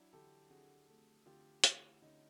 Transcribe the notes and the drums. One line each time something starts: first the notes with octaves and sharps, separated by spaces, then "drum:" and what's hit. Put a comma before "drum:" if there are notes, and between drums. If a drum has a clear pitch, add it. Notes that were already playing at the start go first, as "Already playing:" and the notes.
Already playing: F#3 D4 E4
D3 G4 A4
D3 F#4 G#4
A3
D3 F4 G4
A3 E4 F#4, drum: hi-hat
D3 C#4 D#4